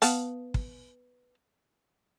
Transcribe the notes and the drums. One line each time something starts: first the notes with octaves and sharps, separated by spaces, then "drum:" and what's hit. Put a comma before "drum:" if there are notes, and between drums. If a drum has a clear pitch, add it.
B3 F5 A5, drum: hi-hat
drum: kick